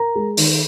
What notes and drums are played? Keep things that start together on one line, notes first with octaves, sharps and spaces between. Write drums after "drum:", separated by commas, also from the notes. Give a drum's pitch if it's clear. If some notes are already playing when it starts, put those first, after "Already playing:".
Already playing: A#4 A#5
G#3
D#3, drum: open hi-hat